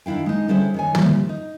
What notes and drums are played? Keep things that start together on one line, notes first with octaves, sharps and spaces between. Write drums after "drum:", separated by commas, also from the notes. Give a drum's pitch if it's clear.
D#3 D4 E4 F5 G5
G#3 D#4
D3 G3 C#4 E4 G#4 C5
D#3 C#5 G#5
A#2 C#3 F3 G3 E4, drum: tom
D#4